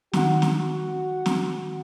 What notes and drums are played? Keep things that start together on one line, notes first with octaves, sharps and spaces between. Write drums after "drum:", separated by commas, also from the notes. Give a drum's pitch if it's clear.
D#3 F#4 F#5, drum: snare
drum: snare
drum: snare